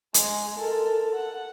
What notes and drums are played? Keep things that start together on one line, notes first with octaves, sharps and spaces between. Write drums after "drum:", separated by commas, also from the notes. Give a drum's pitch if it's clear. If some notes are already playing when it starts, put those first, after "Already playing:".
G#3, drum: hi-hat
A4 A#4
F#5